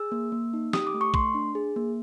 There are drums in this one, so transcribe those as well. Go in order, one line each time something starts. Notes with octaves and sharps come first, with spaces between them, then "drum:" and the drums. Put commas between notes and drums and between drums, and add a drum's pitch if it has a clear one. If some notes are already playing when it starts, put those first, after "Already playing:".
Already playing: G#4 E6
A#3
A#3
D#4
G4 D#6, drum: snare
D6
A3
C#6
A3 C6, drum: kick
D4
G#4
A#3